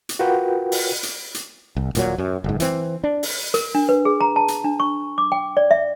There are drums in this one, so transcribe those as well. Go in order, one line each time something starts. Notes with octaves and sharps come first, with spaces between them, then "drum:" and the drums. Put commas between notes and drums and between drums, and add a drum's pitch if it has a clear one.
drum: hi-hat
F4 F#4 A#4 B4 F#5 G5
drum: open hi-hat
drum: hi-hat
drum: hi-hat
C2
D#1 A#2 F#3, drum: hi-hat
F#2
F#1 G#2
E3 C4, drum: hi-hat
D4
drum: open hi-hat
A#4, drum: hi-hat
D4
B4
G#4
A#5
A5
drum: hi-hat
D4
C#6
D6
G5
D5
E5